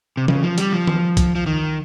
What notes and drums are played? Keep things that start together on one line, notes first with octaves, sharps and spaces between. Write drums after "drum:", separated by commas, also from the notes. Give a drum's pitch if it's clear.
C3
C#3, drum: tom E3
F3
G3, drum: hi-hat
F3
drum: tom D#3
drum: kick C2, hi-hat
F3
D#3